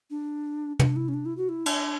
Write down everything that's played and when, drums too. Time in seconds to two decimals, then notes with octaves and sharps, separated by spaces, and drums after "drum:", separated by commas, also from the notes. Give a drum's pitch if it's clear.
0.10 D4
0.79 D4, drum: tom
0.96 E4
1.09 C#4
1.14 D4
1.26 E4
1.37 F#4
1.49 E4
1.66 D4, drum: cymbal